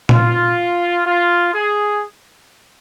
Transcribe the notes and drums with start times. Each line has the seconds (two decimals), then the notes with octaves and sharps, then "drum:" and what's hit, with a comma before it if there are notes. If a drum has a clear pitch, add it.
0.09 F4, drum: tom A#2
1.05 F4
1.53 G#4